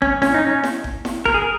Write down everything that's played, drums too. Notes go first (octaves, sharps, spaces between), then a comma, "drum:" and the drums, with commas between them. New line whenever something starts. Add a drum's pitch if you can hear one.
C#4, drum: kick G1
C#4, drum: snare E4
D#4
C#4
drum: snare E4
drum: kick G1
drum: snare E4
A#4, drum: kick G1
G#4
A#4